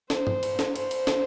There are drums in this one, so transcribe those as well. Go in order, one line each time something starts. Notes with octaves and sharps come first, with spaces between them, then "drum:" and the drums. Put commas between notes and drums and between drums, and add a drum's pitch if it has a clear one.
C5, drum: snare
drum: tom G2
drum: cymbal
drum: snare
C5, drum: cymbal
drum: cymbal
drum: snare